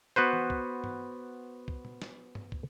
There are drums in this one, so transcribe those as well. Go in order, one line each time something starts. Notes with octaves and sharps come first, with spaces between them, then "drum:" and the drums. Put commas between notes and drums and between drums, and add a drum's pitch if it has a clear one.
B3 F#4 B4 C5
drum: tom E3
drum: kick
drum: tom G2
drum: kick
drum: tom A#2
drum: snare
drum: tom G2
drum: kick